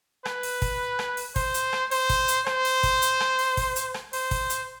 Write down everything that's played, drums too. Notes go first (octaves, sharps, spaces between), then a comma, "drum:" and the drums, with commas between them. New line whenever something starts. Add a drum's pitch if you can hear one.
B4, drum: rim click
drum: open hi-hat
drum: kick, open hi-hat
drum: rim click
drum: open hi-hat
C5, drum: kick, open hi-hat
drum: hi-hat
drum: rim click
C5, drum: open hi-hat
drum: kick, open hi-hat
drum: hi-hat
C5, drum: rim click
drum: open hi-hat
drum: kick, open hi-hat
drum: hi-hat
drum: rim click
drum: open hi-hat
drum: kick, open hi-hat
drum: hi-hat
drum: rim click
C5, drum: open hi-hat
drum: kick, open hi-hat
drum: hi-hat